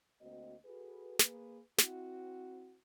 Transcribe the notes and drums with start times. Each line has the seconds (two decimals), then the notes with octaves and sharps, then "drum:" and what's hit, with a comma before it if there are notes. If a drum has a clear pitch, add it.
0.21 D2 A#3 C4 F#4 D#5
0.65 F#4 G#4 A4 B4
1.19 A#3 G#4 A#4 B4, drum: snare
1.78 C4 E4 F#4, drum: snare